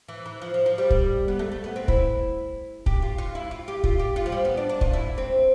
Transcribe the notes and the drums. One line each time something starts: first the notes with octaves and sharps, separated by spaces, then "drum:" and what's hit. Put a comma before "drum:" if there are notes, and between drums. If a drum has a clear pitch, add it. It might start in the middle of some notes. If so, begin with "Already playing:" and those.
E3
E3
F3
F3
F3
G3
drum: kick
B3
A3
A3
B3
C4
E4, drum: kick
G4, drum: kick
F4
F4
E4
F4
G4
F4, drum: kick
G4
F4
F3
G3
B3
D4
D4
F4, drum: kick
E4
C4